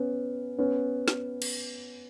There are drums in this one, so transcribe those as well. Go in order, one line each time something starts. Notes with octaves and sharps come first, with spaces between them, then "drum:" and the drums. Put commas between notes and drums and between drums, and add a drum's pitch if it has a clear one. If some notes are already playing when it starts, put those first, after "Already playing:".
Already playing: B3 C#4
B3 C#4
drum: snare
drum: cymbal